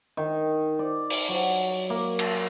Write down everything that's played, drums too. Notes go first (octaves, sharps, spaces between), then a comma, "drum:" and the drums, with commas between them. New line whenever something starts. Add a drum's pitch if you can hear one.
D#3
D5
drum: open hi-hat
F#3
A#3
drum: cymbal